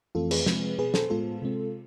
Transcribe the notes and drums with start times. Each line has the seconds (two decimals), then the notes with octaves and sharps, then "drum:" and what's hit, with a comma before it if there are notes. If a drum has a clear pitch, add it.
0.15 F2 E3 A3 C4 F4 A4
0.31 G#4 B4, drum: cymbal
0.46 C3 F3 G#3 C4, drum: snare
0.79 B2 B3 G#4 B4
0.94 A4 C5, drum: snare
1.10 A2 G#3 B3 F4 A4
1.42 C3 G#3 C4